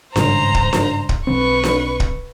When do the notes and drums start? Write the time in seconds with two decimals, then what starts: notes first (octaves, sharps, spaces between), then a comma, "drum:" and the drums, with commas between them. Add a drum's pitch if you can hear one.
0.16 G#1 G2 C#3 C5 A#5, drum: snare D4
0.54 drum: kick
0.73 drum: snare D4
1.09 drum: kick
1.27 B1 D3 C4 B4 C#6
1.64 drum: snare D4
2.00 drum: kick